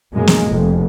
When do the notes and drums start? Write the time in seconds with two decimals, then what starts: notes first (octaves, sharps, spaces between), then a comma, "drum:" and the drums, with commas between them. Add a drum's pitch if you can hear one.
0.13 F#2 B2 G#3 A#3
0.27 drum: snare
0.47 F1 F2